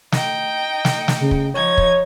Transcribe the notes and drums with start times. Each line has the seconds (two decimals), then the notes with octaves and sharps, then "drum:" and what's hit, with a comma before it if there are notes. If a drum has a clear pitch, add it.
0.12 D#4 G5, drum: snare
0.85 drum: snare
1.08 drum: snare
1.21 C#3
1.31 drum: kick
1.54 F3 D#4 C#5 G#6
1.78 drum: kick